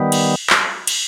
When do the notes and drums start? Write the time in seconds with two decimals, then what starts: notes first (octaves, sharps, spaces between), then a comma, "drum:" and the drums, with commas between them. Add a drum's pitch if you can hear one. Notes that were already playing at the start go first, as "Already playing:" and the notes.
Already playing: D#3 G3 B3
0.12 drum: cymbal
0.50 drum: clap
0.87 drum: cymbal